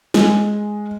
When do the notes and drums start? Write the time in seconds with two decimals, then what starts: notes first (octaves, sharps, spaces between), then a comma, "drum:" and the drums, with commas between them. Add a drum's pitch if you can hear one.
0.14 G#3, drum: snare